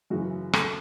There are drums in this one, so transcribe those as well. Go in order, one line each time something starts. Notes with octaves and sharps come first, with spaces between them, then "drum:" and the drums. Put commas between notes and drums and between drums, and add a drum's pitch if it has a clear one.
F#2 C#3 E3 F#4
A4, drum: rim click